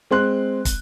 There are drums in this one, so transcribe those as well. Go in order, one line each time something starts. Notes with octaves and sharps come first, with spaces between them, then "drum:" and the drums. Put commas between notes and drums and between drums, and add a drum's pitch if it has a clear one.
G#3 C4 C6 F#6
drum: kick, hi-hat